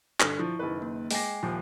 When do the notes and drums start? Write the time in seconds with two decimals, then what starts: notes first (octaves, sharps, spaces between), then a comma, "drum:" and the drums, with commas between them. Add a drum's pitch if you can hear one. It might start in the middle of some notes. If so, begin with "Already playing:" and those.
0.20 G2 D3, drum: clap
0.39 F3 E4 C#6
0.59 F#1 D#3 B4
0.82 A#3
1.11 G#3 G5 G#5 D6 A#6 C7, drum: open hi-hat
1.43 D#1 F3